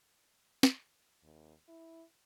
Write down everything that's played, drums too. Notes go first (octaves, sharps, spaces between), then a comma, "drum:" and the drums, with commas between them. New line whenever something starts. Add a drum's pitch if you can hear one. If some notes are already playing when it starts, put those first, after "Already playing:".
drum: snare
D#2
E4